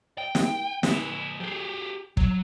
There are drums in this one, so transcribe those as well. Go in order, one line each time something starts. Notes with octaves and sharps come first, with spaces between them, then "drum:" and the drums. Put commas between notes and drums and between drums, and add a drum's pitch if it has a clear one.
G5
drum: snare
F3 B4, drum: snare
G4 G#4
F#3, drum: kick